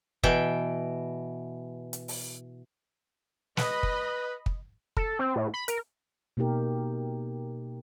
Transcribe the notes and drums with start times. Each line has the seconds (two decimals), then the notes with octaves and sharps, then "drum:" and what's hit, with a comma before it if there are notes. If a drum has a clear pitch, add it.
0.23 B2 E3 G5, drum: kick
1.93 drum: hi-hat
2.08 drum: open hi-hat
3.57 B4 D#5 B5, drum: snare
3.83 drum: kick
4.46 drum: kick
4.97 A4, drum: kick
5.19 C4
5.36 A2
5.54 B5
5.68 A#4, drum: hi-hat
6.37 B2 A#3 D#4 G4 A#4